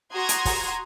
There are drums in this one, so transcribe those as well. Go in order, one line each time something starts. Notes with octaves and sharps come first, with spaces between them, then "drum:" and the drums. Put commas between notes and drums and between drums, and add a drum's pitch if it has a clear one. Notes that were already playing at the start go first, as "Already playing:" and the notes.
F#4 A#5 C6 D#6 G#6 A#6
drum: hi-hat
drum: kick, open hi-hat